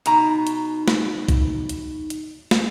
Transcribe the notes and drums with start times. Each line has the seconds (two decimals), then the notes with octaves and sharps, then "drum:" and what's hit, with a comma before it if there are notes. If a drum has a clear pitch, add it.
0.06 B2 D#4 A#5, drum: hi-hat
0.47 drum: hi-hat
0.88 drum: snare
1.28 drum: kick, hi-hat
1.69 drum: hi-hat
2.10 drum: hi-hat
2.51 drum: snare